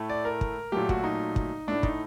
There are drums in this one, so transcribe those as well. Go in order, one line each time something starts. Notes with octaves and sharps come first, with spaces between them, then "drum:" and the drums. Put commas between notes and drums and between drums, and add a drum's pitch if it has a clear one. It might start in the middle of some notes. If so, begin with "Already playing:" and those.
Already playing: A2 A3
D5
A#4
drum: kick
A#2 F#3 A3 G4
F#4, drum: kick
D#4
drum: kick
A2 A3 D4
D#4, drum: kick